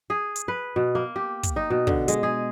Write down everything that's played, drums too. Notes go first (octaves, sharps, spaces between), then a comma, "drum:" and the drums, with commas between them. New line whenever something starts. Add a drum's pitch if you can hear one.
G#4
drum: hi-hat
B4
B2
A#3
G4
drum: kick, hi-hat
D#4
B2
D3, drum: kick
G#3, drum: hi-hat
G#4